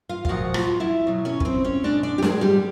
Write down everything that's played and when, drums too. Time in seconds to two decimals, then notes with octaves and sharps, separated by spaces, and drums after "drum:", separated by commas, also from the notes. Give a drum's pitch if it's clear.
0.09 F4 F5
0.25 F5, drum: kick
0.28 A#2 F3 G#3 F#4 F#5
0.54 F4 F5, drum: rim click
0.80 E4 E5
1.07 B2 F#3
1.25 C#4 C#5
1.40 B4, drum: kick
1.45 C4 C5
1.64 C#4 C#5
1.83 B2 G#3 D4 D5
2.03 D4 D5
2.18 G4
2.22 G#3 G#4, drum: snare
2.41 G3 G4